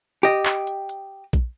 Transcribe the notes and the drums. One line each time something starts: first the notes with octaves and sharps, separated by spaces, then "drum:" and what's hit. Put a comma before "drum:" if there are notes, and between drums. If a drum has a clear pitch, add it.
G4 D#5, drum: hi-hat
drum: clap
drum: hi-hat
drum: hi-hat
drum: kick A#1, hi-hat